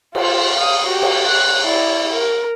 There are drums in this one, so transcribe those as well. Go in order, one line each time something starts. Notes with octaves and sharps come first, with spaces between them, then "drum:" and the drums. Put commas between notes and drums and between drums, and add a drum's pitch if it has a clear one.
F4 C5, drum: cymbal
F5 D#6
F#4 G4
drum: cymbal
F#6
E4 D5
A#4